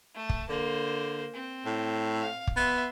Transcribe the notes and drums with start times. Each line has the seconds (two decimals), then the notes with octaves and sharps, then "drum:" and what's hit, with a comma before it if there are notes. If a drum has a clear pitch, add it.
0.15 A3 A5
0.29 drum: kick
0.49 D3 A#3 C5
1.34 C4
1.65 A2
2.21 F5
2.47 drum: kick
2.57 B3 E5 C6